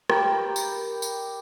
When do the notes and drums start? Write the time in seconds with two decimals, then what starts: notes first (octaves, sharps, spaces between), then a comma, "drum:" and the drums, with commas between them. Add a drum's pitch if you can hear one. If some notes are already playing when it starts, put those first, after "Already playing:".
0.10 G4 A#4 B5, drum: rim click
0.56 drum: tambourine
1.02 drum: tambourine